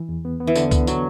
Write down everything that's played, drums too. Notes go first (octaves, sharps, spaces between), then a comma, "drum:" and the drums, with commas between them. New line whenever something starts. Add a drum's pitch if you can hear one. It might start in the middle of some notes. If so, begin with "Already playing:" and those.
Already playing: E3
E2
B3
B3
E3
D3 B3, drum: tambourine
B3, drum: kick C#2, tambourine
F#3, drum: tambourine